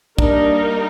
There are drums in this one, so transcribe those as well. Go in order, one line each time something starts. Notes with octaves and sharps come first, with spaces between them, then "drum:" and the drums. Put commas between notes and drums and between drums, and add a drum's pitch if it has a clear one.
G3 A#3 D4 D#4 A#4, drum: kick